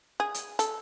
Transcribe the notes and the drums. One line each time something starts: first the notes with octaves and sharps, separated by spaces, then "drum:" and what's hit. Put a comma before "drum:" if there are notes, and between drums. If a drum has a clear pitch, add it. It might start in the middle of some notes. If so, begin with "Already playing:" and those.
G#4
drum: hi-hat
A4, drum: hi-hat